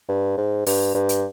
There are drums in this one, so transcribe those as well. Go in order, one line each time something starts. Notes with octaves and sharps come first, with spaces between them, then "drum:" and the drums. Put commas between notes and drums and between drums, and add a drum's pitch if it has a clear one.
G2
G#2
G2, drum: open hi-hat
G2
drum: hi-hat